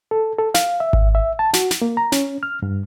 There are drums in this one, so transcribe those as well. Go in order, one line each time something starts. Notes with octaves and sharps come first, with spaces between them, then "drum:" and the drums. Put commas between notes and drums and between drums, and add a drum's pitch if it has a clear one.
A4
A4
F5, drum: snare
E5
drum: kick G#1
E5
A5
F#4, drum: snare
drum: snare
A#3
A#5
C#4, drum: snare
F6
G2